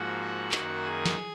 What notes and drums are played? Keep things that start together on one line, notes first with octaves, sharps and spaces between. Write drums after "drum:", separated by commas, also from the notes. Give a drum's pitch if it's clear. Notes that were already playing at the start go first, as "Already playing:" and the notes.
Already playing: G#2 F3 A#3 F#4 F#5
F#2 D#3 A#3, drum: clap
G#4 G#5
drum: snare